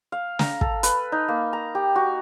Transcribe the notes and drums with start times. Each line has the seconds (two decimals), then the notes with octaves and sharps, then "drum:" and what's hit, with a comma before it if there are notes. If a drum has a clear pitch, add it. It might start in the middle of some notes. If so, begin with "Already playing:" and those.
0.12 F5
0.39 A#5, drum: snare
0.61 A4, drum: kick
0.83 B4, drum: hi-hat
1.12 D#4
1.28 A#3
1.53 A#5
1.75 G4
1.95 F#4